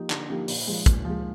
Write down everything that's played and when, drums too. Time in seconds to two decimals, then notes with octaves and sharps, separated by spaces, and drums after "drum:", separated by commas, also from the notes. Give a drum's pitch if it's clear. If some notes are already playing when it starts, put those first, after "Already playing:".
Already playing: F3 A#3 D#4 G4
0.10 D3, drum: clap
0.30 F3 A#3 D#4 G4
0.48 A#2, drum: open hi-hat
0.67 F3 G#3
0.86 A#2, drum: kick, hi-hat
1.05 F3 G#3